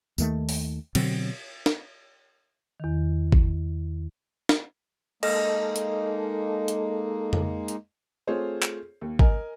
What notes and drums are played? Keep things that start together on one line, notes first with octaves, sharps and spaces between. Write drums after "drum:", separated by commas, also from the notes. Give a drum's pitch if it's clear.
D#2 D#3 A3, drum: tambourine
drum: open hi-hat
B2 D3 F#3 C4, drum: cymbal
drum: snare
E2 D#3
drum: kick G#1
drum: snare
G#3 A#3 D#4 A4 D#5, drum: cymbal
drum: hi-hat
drum: hi-hat
drum: tom F2
drum: hi-hat
A3 C4 F4 G#4 C5 C#5
drum: clap
D#2
A#4 D#5 G#5, drum: kick G#1